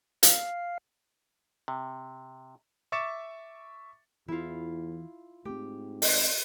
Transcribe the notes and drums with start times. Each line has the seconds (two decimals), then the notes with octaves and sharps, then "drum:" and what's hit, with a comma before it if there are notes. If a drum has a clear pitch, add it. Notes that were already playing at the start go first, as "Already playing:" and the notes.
0.23 F5, drum: hi-hat
1.68 C3
2.92 E5 C#6 D6 A6 C#7 E7
4.28 E2 E3 E4 F4
5.45 G#2 A3 C4 G4
6.02 D#5, drum: open hi-hat